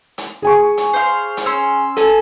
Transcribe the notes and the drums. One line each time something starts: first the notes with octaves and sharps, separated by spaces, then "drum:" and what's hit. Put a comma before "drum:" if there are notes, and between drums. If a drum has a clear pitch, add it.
drum: hi-hat
G#4 G#5 C#6
drum: hi-hat
C5 F5
drum: hi-hat
C#4 C6 E6
A4 G#5 A5, drum: hi-hat